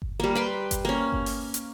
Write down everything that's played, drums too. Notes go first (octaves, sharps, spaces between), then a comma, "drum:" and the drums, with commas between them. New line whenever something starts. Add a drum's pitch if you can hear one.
drum: kick G1
G3 A#3
B4 G5 C6
drum: kick G1, hi-hat
A#3 C#4
drum: kick G1
drum: open hi-hat
drum: hi-hat